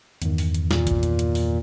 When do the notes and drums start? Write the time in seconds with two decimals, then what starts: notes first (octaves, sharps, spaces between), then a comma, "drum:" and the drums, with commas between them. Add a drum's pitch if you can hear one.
0.22 E2 G2 D#3, drum: hi-hat
0.38 drum: open hi-hat
0.54 drum: hi-hat
0.71 A#2, drum: snare
0.87 drum: kick, hi-hat
1.03 drum: hi-hat
1.19 drum: hi-hat
1.35 drum: open hi-hat